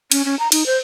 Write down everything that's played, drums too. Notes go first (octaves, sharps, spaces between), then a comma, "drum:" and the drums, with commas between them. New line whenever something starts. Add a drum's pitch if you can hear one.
C#4, drum: cymbal
C#4
A#5
D#4, drum: cymbal
C5